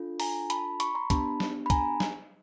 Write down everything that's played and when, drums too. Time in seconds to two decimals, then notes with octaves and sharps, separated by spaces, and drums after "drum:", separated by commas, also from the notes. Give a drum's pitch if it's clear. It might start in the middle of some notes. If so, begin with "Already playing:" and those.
Already playing: D4 F4 A4
0.20 G#5 A#5, drum: open hi-hat
0.50 A5 B5, drum: hi-hat
0.80 B5 C#6, drum: hi-hat
0.95 A#5 C6
1.10 B3 D4 G4 A5 B5, drum: kick, hi-hat
1.40 drum: snare
1.66 B5
1.70 G#5 A#5, drum: kick, hi-hat
2.00 drum: snare